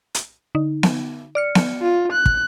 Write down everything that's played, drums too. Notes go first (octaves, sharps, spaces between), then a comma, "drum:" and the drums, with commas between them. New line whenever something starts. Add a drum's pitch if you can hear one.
drum: hi-hat
D3 D#4
drum: snare B3
D5 F6 C#7
drum: snare B3
F4
F#6
drum: kick